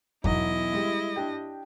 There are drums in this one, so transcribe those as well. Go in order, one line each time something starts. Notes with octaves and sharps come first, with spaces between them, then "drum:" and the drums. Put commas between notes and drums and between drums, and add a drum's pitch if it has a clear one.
E1 B1 F#3 E4 D#5, drum: kick E2
G3 G#3
D4 G4 G5